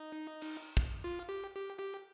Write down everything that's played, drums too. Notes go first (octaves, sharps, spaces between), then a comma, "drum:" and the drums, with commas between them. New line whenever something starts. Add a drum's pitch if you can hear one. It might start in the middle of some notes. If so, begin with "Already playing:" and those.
Already playing: D#4
drum: cymbal
drum: kick
F4
G4
G4
G4